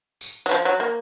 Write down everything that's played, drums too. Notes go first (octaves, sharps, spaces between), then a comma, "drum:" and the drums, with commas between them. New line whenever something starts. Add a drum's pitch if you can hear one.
drum: tambourine
F#3, drum: open hi-hat
F3
F#3
A#3